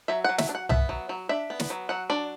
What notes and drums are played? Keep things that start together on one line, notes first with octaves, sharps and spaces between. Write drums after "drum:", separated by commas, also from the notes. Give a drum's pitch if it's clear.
F#3 E5
F#3 F#5
E5, drum: snare
D4
F#5
B3 E5, drum: tom C2
F#3
F#3
D4 E5
B3
drum: snare
F#3
F#3 F#5
D4 D5